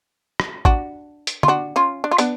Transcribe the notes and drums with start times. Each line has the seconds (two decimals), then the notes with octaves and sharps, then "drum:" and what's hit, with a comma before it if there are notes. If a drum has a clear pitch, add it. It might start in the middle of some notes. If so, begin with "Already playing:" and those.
0.40 drum: rim click
0.65 D4 F#4, drum: kick A1
1.27 drum: hi-hat
1.43 F4, drum: tom
1.48 D4 F#4
1.76 C#4 F4
2.04 D4
2.11 F4
2.18 B3 D4, drum: hi-hat